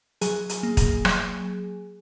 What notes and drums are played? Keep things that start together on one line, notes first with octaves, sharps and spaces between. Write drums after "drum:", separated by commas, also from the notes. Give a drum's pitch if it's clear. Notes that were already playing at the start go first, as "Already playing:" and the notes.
F#3 G#4 G#5, drum: hi-hat
drum: hi-hat
A#3
drum: kick, hi-hat
F#3, drum: rim click